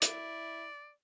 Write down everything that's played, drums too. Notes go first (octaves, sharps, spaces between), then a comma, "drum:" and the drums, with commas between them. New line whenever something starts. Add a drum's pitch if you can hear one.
E4 D5, drum: hi-hat